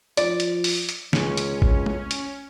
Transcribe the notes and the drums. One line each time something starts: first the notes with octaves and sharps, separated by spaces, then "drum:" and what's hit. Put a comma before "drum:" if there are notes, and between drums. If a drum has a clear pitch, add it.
F3 D5, drum: hi-hat
drum: hi-hat
drum: open hi-hat
drum: hi-hat
C#2 C#4, drum: snare
drum: hi-hat
drum: kick A1
drum: tom
drum: hi-hat